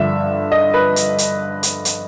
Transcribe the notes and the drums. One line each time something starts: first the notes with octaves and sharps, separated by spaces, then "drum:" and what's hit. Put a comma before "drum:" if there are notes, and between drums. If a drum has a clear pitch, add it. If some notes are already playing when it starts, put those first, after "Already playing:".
Already playing: G2 D3 F3 E5
D#5
B4
drum: hi-hat
drum: hi-hat
drum: hi-hat
drum: hi-hat